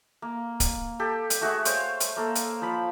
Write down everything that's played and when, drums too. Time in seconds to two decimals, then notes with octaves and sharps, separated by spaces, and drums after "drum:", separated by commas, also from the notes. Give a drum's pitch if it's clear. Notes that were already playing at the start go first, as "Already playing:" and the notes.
0.22 A#3
0.60 drum: kick D1, hi-hat
1.00 G4 A4
1.30 drum: hi-hat
1.41 A3 F#4 G#4 E5
1.65 C5 C#5 F5 G5, drum: hi-hat
2.00 drum: hi-hat
2.17 A#3 A4
2.35 drum: hi-hat
2.62 F3 F5 B5